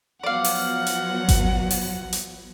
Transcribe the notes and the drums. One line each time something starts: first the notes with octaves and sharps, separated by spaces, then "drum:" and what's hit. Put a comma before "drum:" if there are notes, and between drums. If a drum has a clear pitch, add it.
F3 F#3 B3 D5 F5 F#5
drum: open hi-hat
drum: hi-hat
drum: kick G#1, hi-hat
drum: open hi-hat
drum: hi-hat